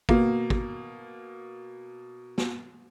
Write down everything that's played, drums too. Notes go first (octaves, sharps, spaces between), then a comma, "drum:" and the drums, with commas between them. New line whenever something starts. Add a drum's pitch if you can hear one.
B2 A#3, drum: kick
drum: kick
drum: snare